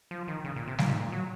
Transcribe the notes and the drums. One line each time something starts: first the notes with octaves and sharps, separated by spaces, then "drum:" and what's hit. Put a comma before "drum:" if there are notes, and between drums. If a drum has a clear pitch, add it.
F3
D#3
C#3
A#2
C3
A#2, drum: snare G3
G#2
A#2
F#3